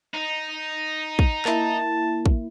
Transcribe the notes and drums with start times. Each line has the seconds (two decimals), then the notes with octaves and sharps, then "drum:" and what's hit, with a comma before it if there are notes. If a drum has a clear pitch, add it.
0.14 D#4
1.19 drum: kick
1.45 A#3 E4 A5, drum: clap
2.26 drum: kick